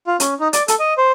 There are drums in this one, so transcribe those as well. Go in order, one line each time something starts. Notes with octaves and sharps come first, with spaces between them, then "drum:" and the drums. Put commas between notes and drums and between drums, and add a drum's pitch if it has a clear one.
F4
C#4, drum: hi-hat
D#4
D5, drum: hi-hat
A4, drum: hi-hat
D#5
C5